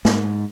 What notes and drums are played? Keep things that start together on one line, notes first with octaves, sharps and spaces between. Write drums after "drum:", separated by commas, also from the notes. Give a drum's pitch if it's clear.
G#2, drum: snare